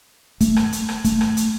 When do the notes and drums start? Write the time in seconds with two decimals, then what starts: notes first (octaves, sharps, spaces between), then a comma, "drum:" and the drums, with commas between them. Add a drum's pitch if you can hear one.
0.41 A3, drum: kick, hi-hat
0.56 drum: rim click
0.72 drum: hi-hat
0.89 drum: rim click
1.04 A3, drum: kick, hi-hat
1.21 drum: rim click
1.37 drum: hi-hat